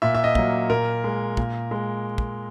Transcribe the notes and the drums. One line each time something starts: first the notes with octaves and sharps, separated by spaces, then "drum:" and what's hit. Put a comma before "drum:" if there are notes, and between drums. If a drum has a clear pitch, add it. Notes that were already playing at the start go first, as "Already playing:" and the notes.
A#2 E5
E5
D#5
F#3 A#3, drum: kick
A#2 A#4
G#3
A#2, drum: kick
G#3
drum: kick